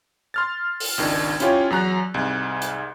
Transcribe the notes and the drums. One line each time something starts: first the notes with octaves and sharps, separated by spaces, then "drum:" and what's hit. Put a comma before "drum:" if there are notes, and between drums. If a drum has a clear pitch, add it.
C6 F6 A6
drum: open hi-hat
G#1 C#2 D#3 D4
C#4 E4 F4 G4 C#5, drum: hi-hat
E2 F#3 A#5 F#6
C2 G#2
drum: hi-hat